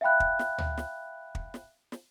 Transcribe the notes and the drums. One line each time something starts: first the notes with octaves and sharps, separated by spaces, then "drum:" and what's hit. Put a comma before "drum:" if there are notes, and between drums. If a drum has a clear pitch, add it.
E5 F5 G5 B5 F#6
drum: kick
drum: snare
drum: tom
drum: snare
drum: kick
drum: snare
drum: snare